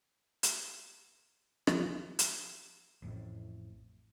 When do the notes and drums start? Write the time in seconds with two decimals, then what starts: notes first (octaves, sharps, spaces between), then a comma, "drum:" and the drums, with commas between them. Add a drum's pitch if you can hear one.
0.43 drum: hi-hat
1.67 F3, drum: rim click
2.19 drum: hi-hat
3.02 A1 F2 A2